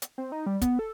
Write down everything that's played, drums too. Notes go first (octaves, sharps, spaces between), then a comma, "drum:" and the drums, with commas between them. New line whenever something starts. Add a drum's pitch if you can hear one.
drum: hi-hat
C4
D#4
G3
B3, drum: kick, hi-hat
A4